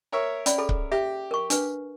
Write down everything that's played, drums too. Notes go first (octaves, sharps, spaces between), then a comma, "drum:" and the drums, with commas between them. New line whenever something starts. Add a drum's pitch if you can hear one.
A#4 C#5 E5
C#4 D5 B5, drum: hi-hat
G#4 A4 B5
drum: kick C#1
G4 E5
A#4 C#6
D4 B4, drum: hi-hat